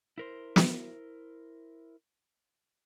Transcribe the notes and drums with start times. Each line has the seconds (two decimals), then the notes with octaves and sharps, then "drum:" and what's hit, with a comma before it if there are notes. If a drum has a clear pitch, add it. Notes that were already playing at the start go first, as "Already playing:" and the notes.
0.18 E4 A#4 C5
0.56 drum: snare